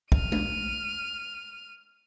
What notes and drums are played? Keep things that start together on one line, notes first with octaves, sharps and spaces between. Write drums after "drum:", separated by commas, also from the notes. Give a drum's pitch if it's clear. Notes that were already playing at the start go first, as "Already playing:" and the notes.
F6 D#7, drum: kick
drum: tom G#3